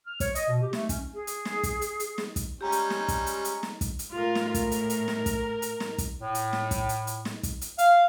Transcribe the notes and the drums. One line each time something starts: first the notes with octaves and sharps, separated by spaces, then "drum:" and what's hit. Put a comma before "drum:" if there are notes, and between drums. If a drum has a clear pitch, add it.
F6
C#5, drum: kick, hi-hat
D#5, drum: hi-hat
B2
G4
A3, drum: snare
C#4, drum: kick, hi-hat
G#4
drum: hi-hat
drum: snare
drum: kick, hi-hat
drum: hi-hat
drum: hi-hat
drum: snare
drum: kick, hi-hat
G3 G#3 C#4 G4 A#5
drum: hi-hat
drum: snare
drum: kick, hi-hat
drum: hi-hat
drum: hi-hat
drum: snare
drum: kick, hi-hat
drum: hi-hat
A2 F4 A#4
drum: snare
A#4, drum: kick, hi-hat
drum: hi-hat
drum: hi-hat
drum: snare
drum: kick, hi-hat
drum: hi-hat
drum: snare
drum: kick, hi-hat
A2
drum: hi-hat
drum: snare
drum: kick, hi-hat
drum: hi-hat
drum: hi-hat
drum: snare
drum: kick, hi-hat
drum: hi-hat
F5, drum: hi-hat